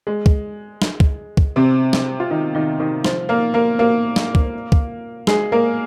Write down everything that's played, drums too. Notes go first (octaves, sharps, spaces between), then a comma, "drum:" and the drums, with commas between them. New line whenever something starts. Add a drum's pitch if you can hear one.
G#3
drum: kick C#2
drum: snare
drum: kick C#2
drum: kick C#2
C3 C4
drum: snare
F4
D#3 D#4
D#3 D#4
D#3 D#4
F3 F4, drum: snare
A#3 A#4
A#3 A#4
A#3 A#4
drum: snare
drum: kick C#2
drum: kick C#2
G#3 G#4, drum: snare
A#3 A#4